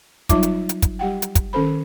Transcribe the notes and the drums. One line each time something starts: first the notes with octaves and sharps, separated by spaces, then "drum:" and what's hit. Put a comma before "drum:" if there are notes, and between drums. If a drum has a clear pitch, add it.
F#3 G3 D#4 F4 E5 D6, drum: kick, hi-hat
drum: hi-hat
drum: hi-hat
drum: kick, hi-hat
G3 G4 F#5 G5
drum: hi-hat
drum: kick, hi-hat
D#3 C#4 A4 C5 B5